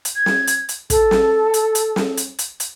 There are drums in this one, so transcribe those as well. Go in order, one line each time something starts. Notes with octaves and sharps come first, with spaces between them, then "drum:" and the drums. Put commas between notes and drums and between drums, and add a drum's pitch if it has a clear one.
drum: hi-hat
G#6
drum: snare
drum: hi-hat
drum: hi-hat
A4, drum: kick, hi-hat
drum: snare
drum: hi-hat
drum: hi-hat
drum: snare
drum: hi-hat
drum: hi-hat
drum: hi-hat